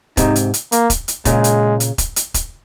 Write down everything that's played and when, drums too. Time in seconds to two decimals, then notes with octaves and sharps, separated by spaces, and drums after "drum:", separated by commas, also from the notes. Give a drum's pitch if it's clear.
0.17 G#2 C3 D#4, drum: kick, hi-hat
0.36 drum: hi-hat
0.54 drum: hi-hat
0.72 A#3, drum: hi-hat
0.90 drum: kick, hi-hat
1.08 drum: hi-hat
1.25 A#2 C#3 G#3, drum: kick, hi-hat
1.44 drum: hi-hat
1.80 drum: hi-hat
1.98 drum: kick, hi-hat
2.16 drum: hi-hat
2.34 drum: kick, hi-hat